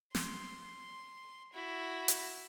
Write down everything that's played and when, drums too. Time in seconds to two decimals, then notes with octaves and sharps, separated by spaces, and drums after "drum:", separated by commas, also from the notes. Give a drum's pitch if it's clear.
0.15 C6, drum: snare
1.53 E4 F#4
2.08 drum: hi-hat